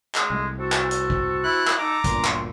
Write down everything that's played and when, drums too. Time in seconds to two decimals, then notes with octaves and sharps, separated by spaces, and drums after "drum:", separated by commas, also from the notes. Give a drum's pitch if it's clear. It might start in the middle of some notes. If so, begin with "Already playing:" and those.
0.15 G#3, drum: clap
0.30 C2 A3
0.59 C4 F#4 A4
0.72 drum: clap
0.91 drum: hi-hat
1.10 drum: kick
1.44 E4 F#6
1.67 drum: clap
1.79 D#4 A4 A#5 D6
2.04 G1 D2 A#2 D3 E3 C6, drum: kick, hi-hat
2.24 drum: clap